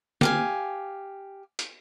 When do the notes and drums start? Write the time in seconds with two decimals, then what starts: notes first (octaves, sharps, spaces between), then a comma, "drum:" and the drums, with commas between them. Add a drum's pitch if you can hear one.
0.21 G4 F5 G#5, drum: snare
1.59 drum: hi-hat